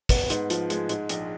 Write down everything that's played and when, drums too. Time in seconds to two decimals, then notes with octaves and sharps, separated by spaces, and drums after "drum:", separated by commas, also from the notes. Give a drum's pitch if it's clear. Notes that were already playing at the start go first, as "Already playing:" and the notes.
0.09 B3, drum: kick, hi-hat
0.30 G#2, drum: hi-hat
0.50 F3, drum: hi-hat
0.70 G#3, drum: hi-hat
0.89 G#2, drum: hi-hat
1.09 A#1, drum: hi-hat